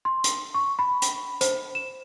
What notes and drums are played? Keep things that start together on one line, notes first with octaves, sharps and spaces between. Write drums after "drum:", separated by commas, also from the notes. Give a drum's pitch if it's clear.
C6
drum: hi-hat
C#6
B5
drum: hi-hat
C5, drum: hi-hat
E7